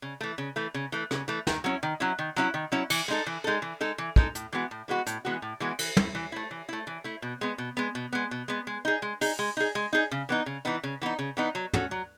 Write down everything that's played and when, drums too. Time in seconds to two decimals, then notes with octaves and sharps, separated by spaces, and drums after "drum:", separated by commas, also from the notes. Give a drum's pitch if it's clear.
0.02 C#3
0.21 E3 A3
0.38 C#3
0.56 E3 A3
0.74 C#3
0.92 E3 A3
1.11 C#3, drum: rim click
1.28 E3 A3
1.47 D#3, drum: snare
1.64 F#3 C#4 E4
1.83 D#3
2.00 F#3 C#4 E4
2.19 D#3
2.36 F#3 C#4 E4
2.54 D#3
2.72 F#3 C#4 E4
2.90 E3, drum: cymbal
3.08 G#3 D#4 A4
3.26 E3
3.44 G#3 D#4 A4
3.62 E3
3.81 G#3 D#4 A4
3.98 E3
4.16 G#3 D#4 A4, drum: kick
4.35 A2, drum: hi-hat
4.52 E3 G#3 B3 F#4
4.71 A2
4.88 E3 G#3 B3 F#4
5.06 A2, drum: hi-hat
5.25 E3 G#3 B3 F#4
5.42 A2
5.60 E3 G#3 B3 F#4
5.79 E3, drum: cymbal
5.97 A3 E4, drum: tom
6.15 E3
6.32 A3 E4
6.51 E3
6.69 A3 E4
6.87 E3
7.04 A3 E4
7.22 B2
7.41 G#3 B3
7.58 B2
7.77 G#3 B3
7.95 B2
8.13 G#3 B3
8.31 B2
8.48 G#3 B3
8.67 G#3
8.85 D#4 G#4
9.02 G#3
9.21 D#4 G#4, drum: open hi-hat
9.39 G#3
9.57 D#4 G#4
9.75 G#3
9.93 D#4 G#4
10.11 C#3
10.29 E3 B3 D#4
10.46 C#3
10.65 E3 B3 D#4
10.83 C#3
11.01 E3 B3 D#4
11.19 C#3
11.37 E3 B3 D#4
11.55 F#3
11.73 C#4 F#4 A4, drum: tom
11.91 F#3